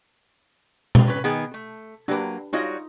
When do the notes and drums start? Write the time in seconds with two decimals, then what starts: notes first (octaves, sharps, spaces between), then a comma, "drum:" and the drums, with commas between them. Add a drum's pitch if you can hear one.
0.95 drum: tom B2
1.07 C#4 B4
1.24 D#3 B3 G#4 F#5
1.54 A3
2.08 F#3 A#3 D4 G4 B4
2.53 G3 D#4 F4 F#4 C#5 D#5